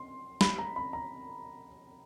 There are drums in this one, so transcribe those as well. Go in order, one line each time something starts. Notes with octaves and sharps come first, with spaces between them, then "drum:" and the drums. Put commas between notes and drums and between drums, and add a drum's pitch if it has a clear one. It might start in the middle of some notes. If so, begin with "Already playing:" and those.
Already playing: C6
B5, drum: snare
A#5
B5
A#5